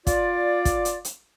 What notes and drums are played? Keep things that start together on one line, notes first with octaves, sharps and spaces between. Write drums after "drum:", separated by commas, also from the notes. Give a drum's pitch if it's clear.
F4 D5, drum: kick, hi-hat
drum: kick, hi-hat
drum: hi-hat
drum: hi-hat